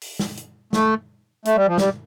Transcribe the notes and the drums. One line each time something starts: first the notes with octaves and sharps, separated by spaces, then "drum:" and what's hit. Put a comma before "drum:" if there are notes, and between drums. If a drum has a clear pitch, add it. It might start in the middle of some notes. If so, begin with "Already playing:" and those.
drum: open hi-hat
drum: snare
drum: hi-hat
A3, drum: snare
A3, drum: hi-hat
G3
F3
G3, drum: snare